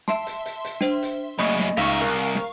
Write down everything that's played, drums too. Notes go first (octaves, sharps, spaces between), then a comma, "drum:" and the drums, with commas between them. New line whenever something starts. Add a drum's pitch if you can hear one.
E5 A5 C6, drum: snare
drum: hi-hat
drum: hi-hat
drum: hi-hat
D4 C5, drum: snare
drum: hi-hat
F#2 C#3 A3 A#3 D#5 B5 C#6, drum: hi-hat
drum: snare
C#2 D#4 A#4 E5 F5 C#6 B6, drum: hi-hat
C2 A#4
drum: hi-hat
drum: snare